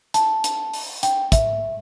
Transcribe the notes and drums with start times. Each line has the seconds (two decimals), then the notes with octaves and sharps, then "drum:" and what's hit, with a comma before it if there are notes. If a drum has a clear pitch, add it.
0.14 A5, drum: hi-hat
0.44 drum: hi-hat
0.73 drum: open hi-hat
1.03 G5, drum: hi-hat
1.32 E5, drum: kick, hi-hat